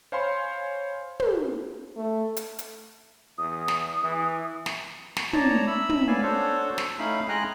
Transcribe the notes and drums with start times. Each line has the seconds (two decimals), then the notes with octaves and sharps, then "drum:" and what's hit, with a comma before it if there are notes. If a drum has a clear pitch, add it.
0.12 C5 C#5 F5 G#5 B5 C6
1.20 drum: tom
1.97 A3
2.37 drum: hi-hat
2.59 drum: hi-hat
3.38 E2 D#6
3.68 drum: snare
4.04 E3
4.66 drum: snare
5.17 drum: snare
5.33 C#5 D5 A5 A#5, drum: tom
5.67 E5 B5 E6
5.89 drum: tom
6.07 B3 C#5 D5 F5 G#5
6.23 D4 F#4 A4 C5 C#5
6.78 drum: snare
6.99 A3 C#4 D#4 E4 F5 B5
7.29 G#3 D#5 G5 G#5 A#5 F#6